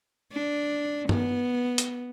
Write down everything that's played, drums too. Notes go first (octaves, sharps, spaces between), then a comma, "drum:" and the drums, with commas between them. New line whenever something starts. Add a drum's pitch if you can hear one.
D4
B3, drum: tom G2
drum: hi-hat